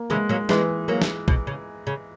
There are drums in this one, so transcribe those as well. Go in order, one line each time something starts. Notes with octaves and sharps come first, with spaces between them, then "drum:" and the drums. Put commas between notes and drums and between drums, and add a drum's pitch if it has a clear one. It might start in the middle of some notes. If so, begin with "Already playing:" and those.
Already playing: A#3
C#3 E3 G#3
F#3 A#3
E3 G#3 B3, drum: snare
F#3 A#3
drum: snare
B2, drum: kick
C#3
C#3